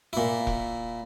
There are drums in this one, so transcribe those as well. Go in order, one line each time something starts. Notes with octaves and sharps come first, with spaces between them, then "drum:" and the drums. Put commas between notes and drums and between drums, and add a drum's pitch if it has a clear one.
A#2 E4
drum: kick E1